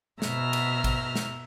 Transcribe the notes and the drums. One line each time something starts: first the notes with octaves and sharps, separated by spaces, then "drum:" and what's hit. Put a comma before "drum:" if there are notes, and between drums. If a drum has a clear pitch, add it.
B2 E5 A#5 F6, drum: snare
drum: cymbal
drum: kick, cymbal
drum: snare